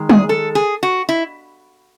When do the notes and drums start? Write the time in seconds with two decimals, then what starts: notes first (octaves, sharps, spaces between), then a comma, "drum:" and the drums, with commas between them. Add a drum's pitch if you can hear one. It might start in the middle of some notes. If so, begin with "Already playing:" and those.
Already playing: D#3 G#3
0.09 G#4, drum: tom
0.29 A4
0.55 G#4
0.83 F#4
1.09 E4